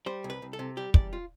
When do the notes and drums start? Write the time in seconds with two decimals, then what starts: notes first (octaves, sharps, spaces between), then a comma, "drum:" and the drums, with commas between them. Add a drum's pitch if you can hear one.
0.06 G3 C5
0.24 C2
0.30 B4
0.42 C2
0.53 A4
0.59 C3
0.77 G3 G4
0.94 E2 D5, drum: kick
1.13 F4